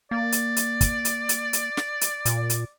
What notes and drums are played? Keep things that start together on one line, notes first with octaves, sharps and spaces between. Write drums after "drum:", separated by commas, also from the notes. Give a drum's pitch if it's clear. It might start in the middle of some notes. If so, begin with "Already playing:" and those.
A#3 D5
drum: hi-hat
drum: hi-hat
drum: kick, hi-hat
drum: hi-hat
drum: hi-hat
drum: hi-hat
drum: snare
drum: hi-hat
A#2, drum: hi-hat
drum: hi-hat